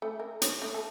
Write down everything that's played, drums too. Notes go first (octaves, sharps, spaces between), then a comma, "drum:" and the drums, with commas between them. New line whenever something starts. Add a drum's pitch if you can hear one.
A3
A#4
C#5, drum: hi-hat
A3
A4